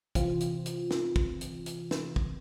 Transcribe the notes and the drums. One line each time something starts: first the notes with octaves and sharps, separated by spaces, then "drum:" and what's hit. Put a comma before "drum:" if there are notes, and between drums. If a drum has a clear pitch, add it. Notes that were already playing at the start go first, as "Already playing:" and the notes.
C3 E3 C4 F4, drum: kick, hi-hat
drum: hi-hat
drum: hi-hat
drum: snare
drum: kick
drum: hi-hat
drum: hi-hat
drum: snare
drum: kick